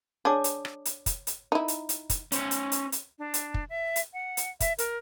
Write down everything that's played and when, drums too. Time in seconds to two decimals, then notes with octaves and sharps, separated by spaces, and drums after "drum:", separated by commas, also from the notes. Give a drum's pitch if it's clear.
0.25 D4 G#4 C#5 D6
0.44 drum: hi-hat
0.65 drum: rim click
0.85 drum: hi-hat
1.06 drum: kick, hi-hat
1.27 drum: hi-hat
1.52 D#4 E4
1.68 drum: hi-hat
1.89 drum: hi-hat
2.10 drum: kick, hi-hat
2.32 C#4 C5, drum: hi-hat
2.51 drum: hi-hat
2.72 drum: hi-hat
2.92 drum: hi-hat
3.18 D4
3.34 drum: hi-hat
3.54 drum: kick
3.69 E5
3.96 drum: hi-hat
4.13 F#5
4.37 drum: hi-hat
4.60 E5, drum: kick, hi-hat
4.78 A#4, drum: hi-hat